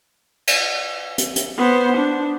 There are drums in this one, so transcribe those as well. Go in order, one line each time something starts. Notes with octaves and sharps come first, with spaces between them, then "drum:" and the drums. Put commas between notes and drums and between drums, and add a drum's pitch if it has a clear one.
drum: cymbal
drum: hi-hat
drum: hi-hat
B3 C5
D4